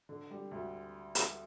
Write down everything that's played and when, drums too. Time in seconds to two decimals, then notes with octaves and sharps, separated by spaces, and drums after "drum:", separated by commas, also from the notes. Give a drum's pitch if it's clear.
0.09 D3
0.31 G3
0.51 D2
1.15 drum: hi-hat